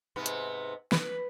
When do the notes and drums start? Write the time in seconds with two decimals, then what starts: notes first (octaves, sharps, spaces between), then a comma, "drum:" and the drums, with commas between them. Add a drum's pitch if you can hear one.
0.16 G#2 C3 B3
0.26 drum: hi-hat
0.92 B4, drum: snare